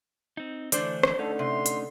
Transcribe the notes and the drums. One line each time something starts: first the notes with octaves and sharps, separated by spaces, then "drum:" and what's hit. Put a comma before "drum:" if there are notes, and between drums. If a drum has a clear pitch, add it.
C4 D#4
D3 E3 A3 D4 C5 D5, drum: hi-hat
drum: rim click
D3 A3 C#4 D#4 A4
C3 C6
drum: hi-hat